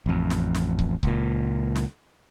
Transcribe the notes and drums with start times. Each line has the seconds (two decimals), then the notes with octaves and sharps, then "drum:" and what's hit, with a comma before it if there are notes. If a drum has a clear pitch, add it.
0.06 A1 F2
0.30 drum: snare
0.54 drum: snare
0.79 drum: kick C#1
1.03 C#2 A#2, drum: kick C#1
1.75 drum: snare